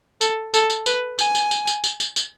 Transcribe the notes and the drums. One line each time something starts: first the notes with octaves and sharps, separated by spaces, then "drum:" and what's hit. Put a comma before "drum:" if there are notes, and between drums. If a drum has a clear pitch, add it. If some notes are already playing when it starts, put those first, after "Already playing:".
A4, drum: tambourine
A4, drum: tambourine
drum: tambourine
B4, drum: tambourine
G#5, drum: tambourine
drum: tambourine
drum: tambourine
drum: tambourine
drum: tambourine
drum: tambourine
drum: tambourine